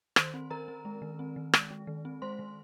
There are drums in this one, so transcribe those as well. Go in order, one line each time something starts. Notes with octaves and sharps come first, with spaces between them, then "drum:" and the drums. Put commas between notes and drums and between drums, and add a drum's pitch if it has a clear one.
D#3 C5 C6, drum: rim click
C4
D#3 A#4 A#5
C4
G#3
D#3
C4
D#3
G#3, drum: rim click
G#3
D#3
C4
G#3 C5 C6
D#3